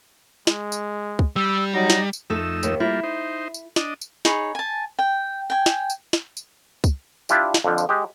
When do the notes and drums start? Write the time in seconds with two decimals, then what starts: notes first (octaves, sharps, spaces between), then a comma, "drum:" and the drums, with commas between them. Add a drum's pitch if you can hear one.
0.47 G#3, drum: snare
0.72 drum: tambourine
1.19 drum: kick
1.36 G3 E6
1.74 F#3 D#4 A#6
1.90 drum: snare
2.13 drum: tambourine
2.30 F2 A3 D#4 A4 E6
2.63 D#2 A3, drum: tambourine
2.80 G3 A#3 E4 F4
3.04 D#4 C5
3.54 drum: tambourine
3.76 D4 D#5, drum: snare
4.01 drum: tambourine
4.25 D#4 G#4 C#5 B5, drum: snare
4.55 G#5 A5
4.99 G5
5.50 G5 G#5
5.66 drum: snare
5.90 drum: tambourine
6.13 drum: snare
6.37 drum: tambourine
6.84 drum: kick, tambourine
7.29 D4 E4 F4 G4 D5, drum: tambourine
7.54 drum: snare
7.64 F2 D3 F3
7.78 drum: tambourine
7.89 G#3 G4